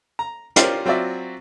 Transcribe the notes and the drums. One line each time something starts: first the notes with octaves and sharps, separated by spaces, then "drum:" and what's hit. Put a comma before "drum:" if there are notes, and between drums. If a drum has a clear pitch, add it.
A#5
C#4 F4 G4 A#4 C5 D5, drum: hi-hat
F#3 C4 F4 F#4 D5 E5